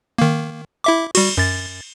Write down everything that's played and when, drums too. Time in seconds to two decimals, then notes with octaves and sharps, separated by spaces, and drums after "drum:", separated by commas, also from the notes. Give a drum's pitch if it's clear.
0.18 D#3 A#3
0.84 E4 E5 D6
1.15 G3 F#4, drum: cymbal
1.37 F#2 A6